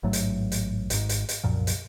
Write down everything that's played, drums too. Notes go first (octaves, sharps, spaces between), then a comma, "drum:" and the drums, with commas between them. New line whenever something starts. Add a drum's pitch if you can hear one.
A1 G#2 F#3 A3
drum: hi-hat
drum: hi-hat
G#1 G#2, drum: hi-hat
drum: hi-hat
drum: hi-hat
C2 F#2 A#2 F3
drum: hi-hat